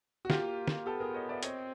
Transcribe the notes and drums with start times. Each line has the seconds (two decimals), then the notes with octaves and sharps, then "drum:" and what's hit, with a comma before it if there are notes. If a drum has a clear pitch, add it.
0.25 F#4
0.30 A#3 F4 G4, drum: snare
0.68 drum: snare
0.86 B3 G4 A4
1.00 G#4 A#4
1.14 C#5 D#5
1.29 D5 E5
1.43 C4 C#5 D#5, drum: hi-hat